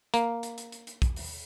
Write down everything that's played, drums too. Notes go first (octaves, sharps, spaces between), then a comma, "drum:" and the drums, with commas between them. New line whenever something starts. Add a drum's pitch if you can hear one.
A#3, drum: hi-hat
drum: hi-hat
drum: hi-hat
drum: hi-hat
drum: hi-hat
drum: kick, hi-hat
drum: open hi-hat